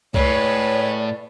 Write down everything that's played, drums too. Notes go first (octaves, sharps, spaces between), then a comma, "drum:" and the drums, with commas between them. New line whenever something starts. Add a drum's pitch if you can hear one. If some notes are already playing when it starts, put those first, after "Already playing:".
A2 G#3 B4 C#5 D5, drum: kick C2